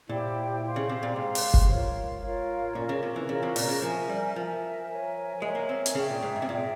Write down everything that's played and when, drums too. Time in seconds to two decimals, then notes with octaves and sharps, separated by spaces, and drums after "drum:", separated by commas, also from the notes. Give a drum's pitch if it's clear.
0.09 A#2 E4 G4 C5 G5
0.62 G4 C5 F5 C6
0.76 C#3
0.89 C3
1.03 A#2
1.16 G#2 G4 C5 F5 C6
1.35 drum: open hi-hat
1.54 drum: kick F#1
1.69 F4 A#4 C#5 F5
2.22 F4 A#4 C#5 F5
2.75 A#2 C#4 F4 A#4
2.89 C#3
3.03 C3
3.16 E3
3.29 C#3 C#4 F4 A#4
3.43 C3
3.56 A#2, drum: open hi-hat
3.69 C#3
3.82 F3 A#4 E5 G#5
4.09 G3
4.35 F3 A#4 E5 G#5
4.89 A#4 C#5 E5 G#5
5.42 G#3 A#4 C#5 E5 G#5
5.55 A#3
5.69 C4
5.86 drum: hi-hat
5.95 C#3 G#4 E5 G5
6.09 A#2
6.22 G#2
6.36 G#2
6.42 C3
6.48 A#2 G#4 E5 G5